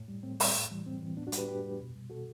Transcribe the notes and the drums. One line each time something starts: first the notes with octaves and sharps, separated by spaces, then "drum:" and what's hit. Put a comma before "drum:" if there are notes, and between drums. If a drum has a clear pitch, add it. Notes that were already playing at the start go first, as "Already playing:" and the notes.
Already playing: A2
G3
A2 C4
G3, drum: open hi-hat
A2
E3 G3
A2 C4
E3 G3
A2 B3 D4
D4 F#4
G3, drum: hi-hat
G4 B4
A2 G4 B4
G3
B2
G3
B2 F#4 A4